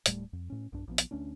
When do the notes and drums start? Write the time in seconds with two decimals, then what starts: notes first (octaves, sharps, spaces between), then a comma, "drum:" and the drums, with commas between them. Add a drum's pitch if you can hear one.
0.06 D1 A2 G3 A3, drum: hi-hat
0.33 F2
0.50 A2 C#4
0.72 B1 G2 D4
0.87 A#1 F3 B3
0.98 drum: hi-hat
1.11 D2 A3 C#4 D4